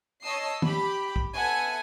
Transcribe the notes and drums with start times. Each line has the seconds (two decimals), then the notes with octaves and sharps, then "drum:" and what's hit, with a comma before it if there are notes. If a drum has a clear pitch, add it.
0.22 C#5 D#5 A5 D#6 E6 C7
0.62 G4 B5, drum: tom
1.16 drum: kick
1.34 B3 A4 E5 F#5 G#5 A5